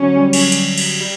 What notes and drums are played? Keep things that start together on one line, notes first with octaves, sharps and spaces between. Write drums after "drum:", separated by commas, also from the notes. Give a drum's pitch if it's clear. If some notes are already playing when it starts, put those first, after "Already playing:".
Already playing: D3 F#3 C#4
G3
drum: cymbal
drum: hi-hat
drum: cymbal
G3